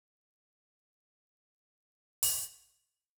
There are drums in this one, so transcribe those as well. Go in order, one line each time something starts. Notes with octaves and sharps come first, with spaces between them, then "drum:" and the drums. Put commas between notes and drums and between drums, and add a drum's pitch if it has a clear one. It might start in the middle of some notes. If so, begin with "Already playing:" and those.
C4
B3 F#4 G#4 D#5
G#3 F#4 G4 A4
drum: open hi-hat